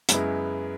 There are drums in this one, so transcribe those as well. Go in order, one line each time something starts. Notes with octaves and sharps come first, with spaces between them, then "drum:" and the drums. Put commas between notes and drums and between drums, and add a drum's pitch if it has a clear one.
F#2 C#3 G#3 B3 E4, drum: hi-hat